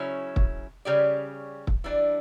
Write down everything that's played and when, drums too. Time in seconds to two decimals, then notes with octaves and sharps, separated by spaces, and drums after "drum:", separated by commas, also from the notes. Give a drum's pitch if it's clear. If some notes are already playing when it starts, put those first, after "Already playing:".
Already playing: C#3 F#3 C#4 E4
0.36 drum: kick
0.85 C#3 G3 C#4 G4 D5
1.67 drum: kick
1.84 E3 G3 D4